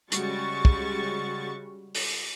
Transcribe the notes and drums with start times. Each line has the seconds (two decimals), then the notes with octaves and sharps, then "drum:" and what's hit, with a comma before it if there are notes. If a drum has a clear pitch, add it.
0.12 C#3 G3 G#3 F#4 C#6 A6, drum: hi-hat
0.65 drum: kick
1.95 drum: open hi-hat